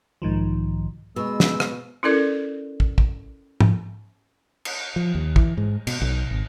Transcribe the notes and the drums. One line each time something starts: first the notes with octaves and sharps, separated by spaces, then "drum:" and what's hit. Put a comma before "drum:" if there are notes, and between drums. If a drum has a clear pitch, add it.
B1 G#2 D#3 F3
B2 G#3 E6
drum: snare
drum: rim click
C#4 E4 A4 A#4 D5
drum: kick
drum: kick
drum: tom G#2
drum: cymbal
F3
D#2
E3, drum: kick
G#2
B2, drum: cymbal
B1
G#1